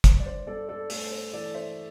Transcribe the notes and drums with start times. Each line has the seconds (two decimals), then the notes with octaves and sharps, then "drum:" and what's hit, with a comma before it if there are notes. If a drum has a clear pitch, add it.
0.04 G2, drum: kick, hi-hat
0.20 D5
0.26 C5
0.47 G2 A4 D5
0.69 A4 D5
0.90 A3 A4, drum: open hi-hat
1.12 C5
1.33 E3 A4 D5
1.54 C5 E5